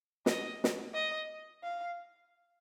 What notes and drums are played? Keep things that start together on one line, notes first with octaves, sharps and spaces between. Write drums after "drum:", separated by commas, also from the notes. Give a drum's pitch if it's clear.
D#5, drum: snare
drum: snare
D#5
F5